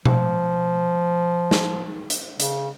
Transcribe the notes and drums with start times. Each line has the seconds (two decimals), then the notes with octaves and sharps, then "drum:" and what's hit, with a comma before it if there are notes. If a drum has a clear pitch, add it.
0.05 F3, drum: tom B2
1.51 drum: snare
2.10 drum: hi-hat
2.40 C#3, drum: hi-hat